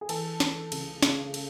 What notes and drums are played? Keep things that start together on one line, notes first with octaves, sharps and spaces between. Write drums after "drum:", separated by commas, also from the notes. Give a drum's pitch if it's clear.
G#4
E3 A4, drum: cymbal
E3, drum: snare
C#2, drum: cymbal
C#3, drum: snare
drum: cymbal